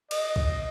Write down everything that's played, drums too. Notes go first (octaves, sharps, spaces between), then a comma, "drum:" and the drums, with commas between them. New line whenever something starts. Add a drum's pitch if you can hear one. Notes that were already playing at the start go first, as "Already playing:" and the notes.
D#5, drum: cymbal
drum: kick